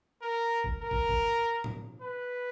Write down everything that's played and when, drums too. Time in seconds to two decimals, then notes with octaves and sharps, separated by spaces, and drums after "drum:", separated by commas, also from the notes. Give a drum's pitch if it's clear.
0.22 A#4
0.64 drum: kick
0.82 A#4
0.91 drum: kick
1.09 drum: kick
1.64 drum: tom
2.02 B4